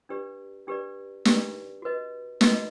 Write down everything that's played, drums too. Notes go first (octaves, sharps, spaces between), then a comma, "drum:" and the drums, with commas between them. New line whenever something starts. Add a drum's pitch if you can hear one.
D4 G4 B4 D5
D4 G4 B4 D5
D4 G4 B4 D5, drum: snare
F#4 B4 D#5
F#4 B4 D#5, drum: snare